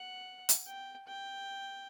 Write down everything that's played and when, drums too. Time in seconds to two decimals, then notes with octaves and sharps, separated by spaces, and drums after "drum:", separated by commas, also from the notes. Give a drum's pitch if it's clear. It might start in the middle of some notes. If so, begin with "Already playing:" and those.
Already playing: F#5
0.49 drum: hi-hat
0.66 G5
1.07 G5